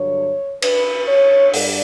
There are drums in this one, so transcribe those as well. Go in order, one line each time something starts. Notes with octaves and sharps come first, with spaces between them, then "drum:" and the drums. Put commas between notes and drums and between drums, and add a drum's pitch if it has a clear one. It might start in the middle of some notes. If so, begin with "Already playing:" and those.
Already playing: G2 D3 F#3 C#5
B4, drum: cymbal
C#5
G2 D5, drum: open hi-hat